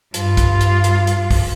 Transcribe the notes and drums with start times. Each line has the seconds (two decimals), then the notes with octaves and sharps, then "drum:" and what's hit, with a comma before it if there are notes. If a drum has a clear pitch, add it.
0.14 G2 F4, drum: hi-hat
0.37 drum: kick, hi-hat
0.61 drum: hi-hat
0.84 drum: hi-hat
1.07 drum: hi-hat
1.31 drum: kick, open hi-hat